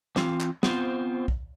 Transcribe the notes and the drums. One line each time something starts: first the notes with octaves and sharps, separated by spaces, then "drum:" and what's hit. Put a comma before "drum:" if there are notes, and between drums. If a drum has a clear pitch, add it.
E3 C4 F4, drum: snare
drum: clap
B3 C4 F4 C5, drum: snare
drum: kick